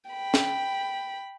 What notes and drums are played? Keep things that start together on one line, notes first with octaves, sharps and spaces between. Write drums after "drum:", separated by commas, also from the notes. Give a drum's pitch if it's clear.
G5 B5
drum: snare